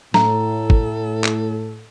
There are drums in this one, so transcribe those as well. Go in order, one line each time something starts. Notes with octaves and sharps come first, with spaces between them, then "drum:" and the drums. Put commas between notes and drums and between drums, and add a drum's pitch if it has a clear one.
A2 A4 A#5, drum: snare
drum: kick G#1
drum: clap